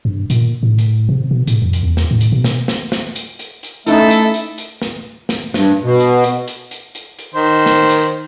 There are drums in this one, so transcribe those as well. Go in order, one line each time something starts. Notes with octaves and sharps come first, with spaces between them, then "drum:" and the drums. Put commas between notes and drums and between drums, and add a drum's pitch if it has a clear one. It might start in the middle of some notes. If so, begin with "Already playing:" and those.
G2
A#2, drum: hi-hat
A2
drum: hi-hat
C3
B2
A2, drum: hi-hat
F2
drum: hi-hat
E2
drum: snare
A2
drum: hi-hat
B2
drum: snare
drum: snare
drum: snare
drum: hi-hat
drum: hi-hat
drum: hi-hat
A3 C#4 D#4 E4 A4 E5, drum: hi-hat
drum: hi-hat
drum: hi-hat
drum: hi-hat
drum: snare
drum: snare
G2, drum: snare
B2
drum: hi-hat
drum: hi-hat
drum: hi-hat
drum: hi-hat
drum: hi-hat
drum: hi-hat
D#3 C5
drum: snare
drum: hi-hat